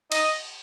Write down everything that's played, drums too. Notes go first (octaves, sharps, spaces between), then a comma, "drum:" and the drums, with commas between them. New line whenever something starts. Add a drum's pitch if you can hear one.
D#5, drum: cymbal